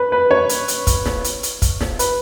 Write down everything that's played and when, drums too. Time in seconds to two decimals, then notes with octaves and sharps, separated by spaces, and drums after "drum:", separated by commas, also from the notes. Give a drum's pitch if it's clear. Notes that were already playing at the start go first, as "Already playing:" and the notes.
Already playing: B4
0.12 B4
0.31 C#5
0.49 drum: hi-hat
0.68 drum: hi-hat
0.87 drum: kick, hi-hat
1.06 drum: snare
1.24 drum: hi-hat
1.43 drum: hi-hat
1.62 drum: kick, hi-hat
1.81 drum: snare
1.99 B4, drum: hi-hat